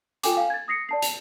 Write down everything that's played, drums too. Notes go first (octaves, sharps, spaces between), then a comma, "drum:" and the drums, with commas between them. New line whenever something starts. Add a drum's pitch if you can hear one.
F4 A4 G5 G#5 D6, drum: hi-hat
F5 G#5
G#6 A6
D#6 A#6 C7 C#7
D5 A5 C7
F7, drum: hi-hat